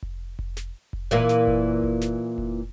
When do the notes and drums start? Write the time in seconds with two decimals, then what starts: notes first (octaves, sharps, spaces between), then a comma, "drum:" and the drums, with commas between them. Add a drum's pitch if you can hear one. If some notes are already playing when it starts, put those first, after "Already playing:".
0.03 drum: kick F1
0.39 drum: kick F1
0.57 drum: snare
0.93 drum: kick F1
1.11 A#2 E3 A#3
1.29 drum: snare
1.47 drum: kick F1
1.84 drum: kick F1
2.02 drum: snare
2.38 drum: kick F1